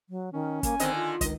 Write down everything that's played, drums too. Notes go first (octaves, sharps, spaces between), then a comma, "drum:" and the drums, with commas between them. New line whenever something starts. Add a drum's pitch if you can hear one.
F#3
D#3 C#4
A#3 G#5, drum: kick, hi-hat
D3 D#3 C4 D#5, drum: hi-hat
F4
C#2 D#3 D#5, drum: kick, hi-hat